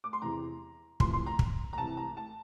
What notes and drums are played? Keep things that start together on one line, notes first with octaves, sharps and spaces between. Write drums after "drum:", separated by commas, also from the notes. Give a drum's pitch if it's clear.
D6
C6
E2 C3 E3 A#5
F2 C3 E3 C6, drum: kick
C6
A#5
drum: kick
A#5
C2 C3 E3 A5
A#5
A5